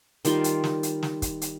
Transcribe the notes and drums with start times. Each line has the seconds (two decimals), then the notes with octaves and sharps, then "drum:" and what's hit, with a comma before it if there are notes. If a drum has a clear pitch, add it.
0.25 D#3 G3 F4 C6, drum: hi-hat
0.44 drum: hi-hat
0.64 drum: snare
0.83 drum: hi-hat
1.03 drum: snare
1.22 drum: kick, hi-hat
1.42 drum: hi-hat